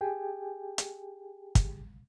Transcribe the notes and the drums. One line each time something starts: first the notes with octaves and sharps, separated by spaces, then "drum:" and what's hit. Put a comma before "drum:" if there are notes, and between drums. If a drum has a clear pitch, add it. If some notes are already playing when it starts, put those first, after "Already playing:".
G4 G#4 G5 G#5
drum: hi-hat
drum: kick, hi-hat